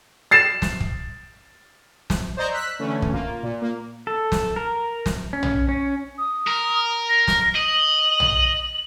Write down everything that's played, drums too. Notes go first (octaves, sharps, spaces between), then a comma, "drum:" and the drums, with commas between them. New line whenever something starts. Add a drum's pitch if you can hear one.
A6 C7 E7
drum: snare
drum: kick
drum: snare
C5 D5 D#5 A#5 C#6 G6
E6 F#6 B6
D3 E3 A3 C#4
drum: kick
A#3 F4
A#2
A#3
A4
drum: snare
A#4
drum: snare
C#4
drum: tom
C#4
D#6
A#4
A#6
drum: snare
D#5 F#7
drum: tom